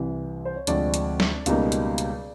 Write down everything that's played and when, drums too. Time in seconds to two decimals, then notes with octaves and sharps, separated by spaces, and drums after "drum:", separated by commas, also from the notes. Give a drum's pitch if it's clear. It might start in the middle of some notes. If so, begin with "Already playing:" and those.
Already playing: C2 C3 E3
0.45 C5
0.56 C#5
0.67 D2 C3 F3 G#3 C4 D5, drum: hi-hat
0.94 drum: hi-hat
1.20 drum: snare
1.46 C#2 B2 G3 A#3 D#4, drum: hi-hat
1.72 drum: hi-hat
1.98 drum: hi-hat